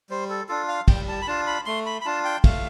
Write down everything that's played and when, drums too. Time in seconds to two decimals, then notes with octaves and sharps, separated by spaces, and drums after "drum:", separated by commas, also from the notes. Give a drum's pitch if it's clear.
0.10 G3 C5
0.30 A4
0.49 D4 F4 A4
0.68 F5
0.88 G3 G5, drum: kick, cymbal
1.08 A5
1.22 B5
1.27 D4 F4 A5
1.47 B5
1.66 A3 C6
1.86 B5
2.01 B5
2.05 D4 F4 A5
2.25 G5
2.44 A3 F5, drum: kick, cymbal